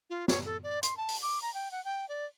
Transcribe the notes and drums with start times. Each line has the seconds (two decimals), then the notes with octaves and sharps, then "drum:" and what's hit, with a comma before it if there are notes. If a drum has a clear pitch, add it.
0.10 F4
0.28 C#5, drum: snare
0.45 A4
0.64 D5
0.83 C6, drum: hi-hat
0.97 A5
1.08 drum: open hi-hat
1.22 D6
1.42 A#5
1.54 G5
1.72 F#5
1.85 G5
2.09 D5